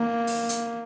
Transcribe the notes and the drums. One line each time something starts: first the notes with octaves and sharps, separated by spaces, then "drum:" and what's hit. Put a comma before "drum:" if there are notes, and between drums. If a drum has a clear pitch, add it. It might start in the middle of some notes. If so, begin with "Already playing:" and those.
Already playing: A#3
drum: open hi-hat
drum: hi-hat